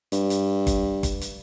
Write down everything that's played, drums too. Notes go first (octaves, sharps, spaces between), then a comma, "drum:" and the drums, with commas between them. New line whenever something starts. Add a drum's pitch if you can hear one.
G2, drum: hi-hat
drum: hi-hat
drum: kick G1, hi-hat
drum: kick G1, hi-hat
drum: hi-hat